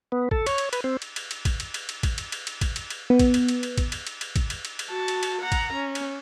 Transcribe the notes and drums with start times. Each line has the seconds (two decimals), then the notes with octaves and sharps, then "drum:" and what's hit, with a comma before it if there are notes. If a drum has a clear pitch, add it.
0.12 B3
0.31 A4, drum: kick
0.47 C#5, drum: cymbal
0.58 drum: cymbal
0.73 B4, drum: cymbal
0.84 C4
1.02 drum: cymbal
1.16 drum: cymbal
1.31 drum: cymbal
1.45 drum: kick, cymbal
1.60 drum: cymbal
1.74 drum: cymbal
1.89 drum: cymbal
2.03 drum: kick, cymbal
2.18 drum: cymbal
2.32 drum: cymbal
2.47 drum: cymbal
2.61 drum: kick, cymbal
2.76 drum: cymbal
2.90 drum: cymbal
3.10 B3
3.19 drum: kick, cymbal
3.34 drum: cymbal
3.48 drum: cymbal
3.63 drum: cymbal
3.78 drum: kick, cymbal
3.92 drum: cymbal
4.07 drum: cymbal
4.21 drum: cymbal
4.36 drum: kick, cymbal
4.50 drum: cymbal
4.65 drum: cymbal
4.79 drum: cymbal
4.89 F#4 A5
5.08 drum: cymbal
5.23 drum: cymbal
5.41 F#5 A#5
5.52 drum: kick, cymbal
5.73 C#4
5.95 drum: cymbal